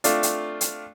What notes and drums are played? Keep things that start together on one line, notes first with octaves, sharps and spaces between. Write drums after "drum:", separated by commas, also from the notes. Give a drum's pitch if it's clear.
A3 C4 D4 F4, drum: hi-hat
drum: hi-hat
drum: hi-hat